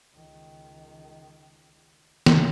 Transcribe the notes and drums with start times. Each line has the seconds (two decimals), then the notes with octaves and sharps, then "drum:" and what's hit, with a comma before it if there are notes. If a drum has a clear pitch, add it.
0.13 C#2 D#3
2.26 drum: snare